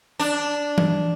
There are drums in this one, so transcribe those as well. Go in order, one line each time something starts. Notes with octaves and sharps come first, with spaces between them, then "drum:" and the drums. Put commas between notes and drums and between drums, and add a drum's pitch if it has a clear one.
D4
drum: tom E3